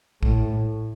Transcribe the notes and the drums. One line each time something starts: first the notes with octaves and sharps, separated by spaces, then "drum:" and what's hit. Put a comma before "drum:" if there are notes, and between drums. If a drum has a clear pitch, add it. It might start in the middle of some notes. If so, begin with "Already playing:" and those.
A2, drum: kick